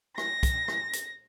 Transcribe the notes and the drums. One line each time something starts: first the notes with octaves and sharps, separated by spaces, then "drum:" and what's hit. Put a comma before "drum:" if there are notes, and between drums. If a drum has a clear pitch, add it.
A#6, drum: rim click
drum: kick, hi-hat
drum: rim click
drum: hi-hat